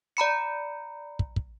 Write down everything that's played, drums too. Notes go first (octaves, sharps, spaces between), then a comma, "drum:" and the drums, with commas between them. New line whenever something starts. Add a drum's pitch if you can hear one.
D5 A#5 B5 C#7
drum: kick
drum: kick